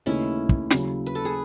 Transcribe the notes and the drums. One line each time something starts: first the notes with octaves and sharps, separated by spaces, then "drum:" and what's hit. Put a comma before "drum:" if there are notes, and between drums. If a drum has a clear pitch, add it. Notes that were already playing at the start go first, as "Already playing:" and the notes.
D#2 C#3 E3 A3 C#4 D#4 E4
drum: kick
D#2 C#3 F#3, drum: snare
B4
A4
G#4